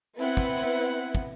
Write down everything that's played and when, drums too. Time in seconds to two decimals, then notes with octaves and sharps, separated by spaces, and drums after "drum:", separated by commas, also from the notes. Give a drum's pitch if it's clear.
0.18 B3 C4 E4 B4 F#5
0.37 drum: kick
1.15 drum: kick